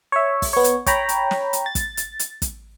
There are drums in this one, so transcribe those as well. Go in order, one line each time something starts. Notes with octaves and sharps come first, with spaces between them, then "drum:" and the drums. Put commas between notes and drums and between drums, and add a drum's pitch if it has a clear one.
C#5 E5
drum: kick, open hi-hat
B3 C#5
drum: hi-hat
C#5 G5 A#5 B5, drum: kick, hi-hat
drum: hi-hat
drum: snare
drum: hi-hat
A6
drum: kick, hi-hat
drum: hi-hat
drum: hi-hat
drum: kick, hi-hat